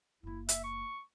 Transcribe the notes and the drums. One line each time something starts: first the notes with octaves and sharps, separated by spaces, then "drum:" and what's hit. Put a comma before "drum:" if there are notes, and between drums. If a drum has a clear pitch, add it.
F#1 A#3 E4
E5, drum: hi-hat
C#6